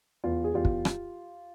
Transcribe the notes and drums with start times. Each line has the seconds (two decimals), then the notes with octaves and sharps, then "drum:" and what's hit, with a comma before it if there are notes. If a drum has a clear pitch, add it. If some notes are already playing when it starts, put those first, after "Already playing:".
0.24 E2 F4
0.44 G#4
0.54 E2 F4 G4
0.65 drum: kick
0.85 drum: rim click